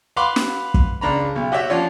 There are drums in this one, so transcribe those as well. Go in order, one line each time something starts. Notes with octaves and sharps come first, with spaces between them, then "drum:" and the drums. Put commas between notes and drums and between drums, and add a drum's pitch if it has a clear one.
B4 F5 F#5 B5 C6 D6
drum: snare
drum: kick
C#2 D4 A#5 B5
B1
F#4 G4 C#5 E5 F#5
F3 C#4 D4 F4 C#5